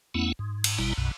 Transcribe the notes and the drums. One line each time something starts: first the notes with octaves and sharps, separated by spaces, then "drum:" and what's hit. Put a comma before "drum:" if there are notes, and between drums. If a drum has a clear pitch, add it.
E2 A3 B3 C#4 E4 F#5
G#2
drum: cymbal
G#1 B2 G3 E4 A#5
B1 F#2 B2